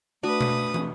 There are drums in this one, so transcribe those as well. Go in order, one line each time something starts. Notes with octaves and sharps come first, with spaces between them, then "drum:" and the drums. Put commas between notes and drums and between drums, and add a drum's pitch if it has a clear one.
A3 D4 F#4 B4 D#6
drum: tom B2
drum: tom